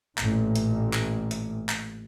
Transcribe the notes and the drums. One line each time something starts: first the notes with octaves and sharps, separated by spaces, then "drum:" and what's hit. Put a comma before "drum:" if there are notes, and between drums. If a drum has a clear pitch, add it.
A1 A#2, drum: clap
drum: hi-hat
drum: clap
drum: hi-hat
drum: clap